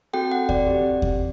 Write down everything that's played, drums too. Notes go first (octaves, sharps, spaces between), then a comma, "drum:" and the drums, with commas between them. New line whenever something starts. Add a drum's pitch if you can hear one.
C4 F#4 A4 G5
F#5
D5, drum: kick D#2
C4 G4
drum: kick D#2